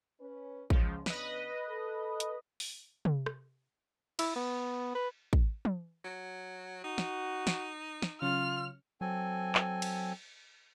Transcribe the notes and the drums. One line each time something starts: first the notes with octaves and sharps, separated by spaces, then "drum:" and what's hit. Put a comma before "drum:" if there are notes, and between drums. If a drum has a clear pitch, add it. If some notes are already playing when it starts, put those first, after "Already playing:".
C#4 B4
C#2 C#3 F3, drum: kick
C#3 B3 D4 B4 D#5, drum: snare
A4
drum: hi-hat
drum: open hi-hat
drum: tom
drum: rim click
E4, drum: cymbal
B3
B4
drum: kick
drum: tom
F#3
D#4 F#4
drum: snare
drum: snare
drum: snare
C#3 F#3 C#4 F4 F6
F#3 C4 A4 G#5
drum: clap
drum: cymbal